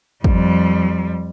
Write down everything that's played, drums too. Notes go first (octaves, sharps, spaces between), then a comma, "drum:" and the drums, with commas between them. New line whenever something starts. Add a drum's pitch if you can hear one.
F2 G3, drum: kick